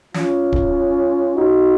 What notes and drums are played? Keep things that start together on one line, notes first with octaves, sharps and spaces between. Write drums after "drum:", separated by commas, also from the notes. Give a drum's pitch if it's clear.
C#4 F4, drum: snare
drum: kick
D#4 F#4